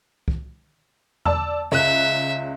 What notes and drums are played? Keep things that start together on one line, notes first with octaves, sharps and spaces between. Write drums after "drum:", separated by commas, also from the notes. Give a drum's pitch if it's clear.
drum: kick
D5 A5 E6, drum: tom E2
C#2 E5 F#6